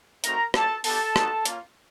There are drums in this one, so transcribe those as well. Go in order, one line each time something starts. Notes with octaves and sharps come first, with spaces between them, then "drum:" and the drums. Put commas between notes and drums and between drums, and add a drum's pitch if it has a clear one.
A3 C4 D#4 F#4 A#4 A#5, drum: hi-hat
G3 A#3 D4 A4 A5, drum: rim click
B3 D4 G4 A4 A5, drum: open hi-hat
G#3 B3 D#4 F#4, drum: rim click
A#3 C#4 F4, drum: hi-hat